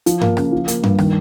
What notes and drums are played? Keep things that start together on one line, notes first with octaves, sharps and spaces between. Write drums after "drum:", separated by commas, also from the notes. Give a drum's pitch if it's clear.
F3, drum: hi-hat
A#3, drum: tom G2
C#3, drum: rim click
F3
A#3, drum: hi-hat
G2, drum: tom G2
D#3, drum: rim click